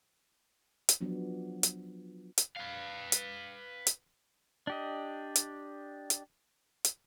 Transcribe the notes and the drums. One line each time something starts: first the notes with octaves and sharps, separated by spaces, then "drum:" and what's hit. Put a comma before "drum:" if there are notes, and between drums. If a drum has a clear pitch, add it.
drum: hi-hat
F3 F#3 B3 D4
drum: hi-hat
drum: hi-hat
B4 F5
drum: hi-hat
drum: hi-hat
D4 G4 D#5
drum: hi-hat
drum: hi-hat
drum: hi-hat